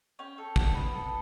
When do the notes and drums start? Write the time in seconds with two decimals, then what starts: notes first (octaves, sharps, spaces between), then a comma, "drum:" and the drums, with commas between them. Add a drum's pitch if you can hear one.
0.19 C#4 G5
0.38 A4
0.56 F#4, drum: kick
0.74 B3
0.93 A4